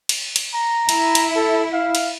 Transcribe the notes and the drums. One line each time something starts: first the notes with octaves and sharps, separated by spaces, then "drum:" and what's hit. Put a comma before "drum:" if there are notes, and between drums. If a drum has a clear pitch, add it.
drum: cymbal
drum: cymbal
A#5
E4, drum: cymbal
drum: cymbal
A4
F5
drum: cymbal